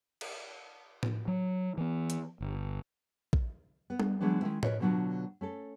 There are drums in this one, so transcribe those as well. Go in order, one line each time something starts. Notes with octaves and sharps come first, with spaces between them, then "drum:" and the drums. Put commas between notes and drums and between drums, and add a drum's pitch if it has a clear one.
drum: cymbal
drum: tom A2
F#3
E3 B3
drum: hi-hat
G1
drum: kick A#1
B3
drum: tom G3
D3 E3 F#3 G#3 B3 D4
D#3 F#3 G#3 C#4 E4
A#4 B4 C#5 D#5, drum: tom A2
B2 D3 F#3 D4 F4 F#4
A3 C#4 A4